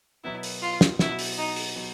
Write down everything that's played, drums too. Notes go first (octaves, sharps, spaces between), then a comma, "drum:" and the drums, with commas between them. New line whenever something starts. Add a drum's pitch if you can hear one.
B2 F#3 B3 E4
drum: open hi-hat
F4
drum: snare
B2 F#3 B3 E4, drum: snare
drum: open hi-hat
D#4
drum: open hi-hat
B2 F#3 B3